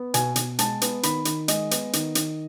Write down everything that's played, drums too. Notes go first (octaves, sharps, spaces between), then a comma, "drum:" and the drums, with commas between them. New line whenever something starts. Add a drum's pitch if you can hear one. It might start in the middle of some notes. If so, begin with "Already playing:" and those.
Already playing: B3
B2 G#5, drum: hi-hat
B2, drum: hi-hat
G#3 A5, drum: hi-hat
B3, drum: hi-hat
D#3 B5, drum: hi-hat
D#3, drum: hi-hat
G#3 D#5, drum: hi-hat
B3, drum: hi-hat
D#3, drum: hi-hat
D#3, drum: hi-hat